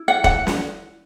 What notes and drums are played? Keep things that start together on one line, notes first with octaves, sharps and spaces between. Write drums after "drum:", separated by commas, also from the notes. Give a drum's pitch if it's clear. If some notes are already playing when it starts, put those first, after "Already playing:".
Already playing: E4
F#5
F#5, drum: kick E1
drum: snare